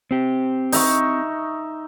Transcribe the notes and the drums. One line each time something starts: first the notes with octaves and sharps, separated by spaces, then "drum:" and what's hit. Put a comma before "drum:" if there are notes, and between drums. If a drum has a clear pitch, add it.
C4 G4
D#4 E5 C#6, drum: open hi-hat